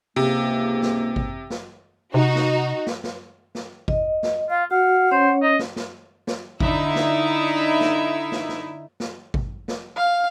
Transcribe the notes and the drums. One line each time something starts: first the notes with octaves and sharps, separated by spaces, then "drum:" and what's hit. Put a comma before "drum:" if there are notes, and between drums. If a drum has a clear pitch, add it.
C#2 G#2 C3 A#3
drum: snare
drum: kick G#1
drum: snare
C3 D#4 F#4
drum: snare
drum: snare
drum: snare
drum: snare
D#5, drum: kick G#1
drum: snare
F4 F5
F#4 F5 F#5
C#4 C5 C#5
D#5
drum: snare
drum: snare
drum: snare
D3 D#4 E4 E5, drum: kick G#1
drum: snare
drum: snare
drum: snare
drum: snare
drum: snare
drum: kick G#1
drum: snare
F5